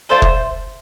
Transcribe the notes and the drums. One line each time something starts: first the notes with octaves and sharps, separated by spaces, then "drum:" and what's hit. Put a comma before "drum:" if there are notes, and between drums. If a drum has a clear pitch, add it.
A3 D4 F4 A4 C5
drum: kick